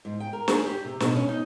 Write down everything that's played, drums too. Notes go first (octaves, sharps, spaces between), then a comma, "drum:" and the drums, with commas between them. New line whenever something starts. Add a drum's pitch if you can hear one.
G#2
G5
A#4
G#4, drum: snare
G4
C3
B2, drum: snare
C#4
D#4